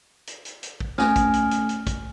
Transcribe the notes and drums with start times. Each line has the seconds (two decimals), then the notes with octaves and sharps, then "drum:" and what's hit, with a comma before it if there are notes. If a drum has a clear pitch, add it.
0.27 drum: hi-hat
0.45 drum: hi-hat
0.63 drum: hi-hat
0.80 drum: kick
0.98 A3 C#4 G#5 F6, drum: snare
1.16 drum: kick, hi-hat
1.34 drum: hi-hat
1.51 drum: hi-hat
1.69 drum: hi-hat
1.87 drum: kick, hi-hat